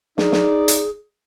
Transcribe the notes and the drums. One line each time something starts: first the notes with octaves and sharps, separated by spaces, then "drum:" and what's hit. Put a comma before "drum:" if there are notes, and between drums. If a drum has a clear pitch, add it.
D#4 G#4 D5, drum: snare
drum: snare
drum: hi-hat